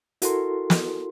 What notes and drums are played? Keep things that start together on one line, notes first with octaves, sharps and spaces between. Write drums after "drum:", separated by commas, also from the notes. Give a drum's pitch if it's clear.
E4 F#4 A4 A#4 C6, drum: hi-hat
drum: snare